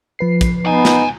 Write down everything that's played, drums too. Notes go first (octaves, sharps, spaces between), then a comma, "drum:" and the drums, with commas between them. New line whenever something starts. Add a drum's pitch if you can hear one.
F3 B4 C7
drum: kick, hi-hat
B3 D#4 F#5 G#5
drum: snare